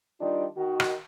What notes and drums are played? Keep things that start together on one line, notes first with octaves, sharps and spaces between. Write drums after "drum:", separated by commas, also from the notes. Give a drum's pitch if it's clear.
D#3 G3 D4 F4 D5 D#5
D#3 F#4
drum: rim click